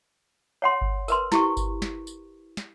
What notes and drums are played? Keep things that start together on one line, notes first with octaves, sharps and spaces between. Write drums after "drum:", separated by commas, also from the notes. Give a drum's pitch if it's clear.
C#5 F#5 C6
drum: kick G1
A#4 B4 C6, drum: tambourine
E4 G4 C#6, drum: snare
drum: kick G1, tambourine
drum: snare
drum: tambourine
drum: snare